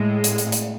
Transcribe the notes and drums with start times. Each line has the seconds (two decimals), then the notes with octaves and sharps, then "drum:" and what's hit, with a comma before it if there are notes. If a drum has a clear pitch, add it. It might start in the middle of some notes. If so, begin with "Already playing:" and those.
Already playing: A2 G#3
0.24 drum: hi-hat
0.38 drum: hi-hat
0.52 drum: hi-hat